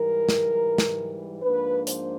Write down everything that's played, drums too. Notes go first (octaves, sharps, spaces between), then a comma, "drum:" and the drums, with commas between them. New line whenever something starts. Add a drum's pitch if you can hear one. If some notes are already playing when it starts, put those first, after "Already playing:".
Already playing: G#2 E3 G3 A#4
drum: snare
drum: snare
G#2 F3 A#3 D4 B4
C5, drum: hi-hat